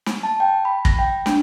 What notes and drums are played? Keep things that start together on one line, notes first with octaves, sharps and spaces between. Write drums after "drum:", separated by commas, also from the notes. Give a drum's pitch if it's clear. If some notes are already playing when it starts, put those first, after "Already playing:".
drum: snare
A5
G5
B5
A#6, drum: kick
G5
D4, drum: snare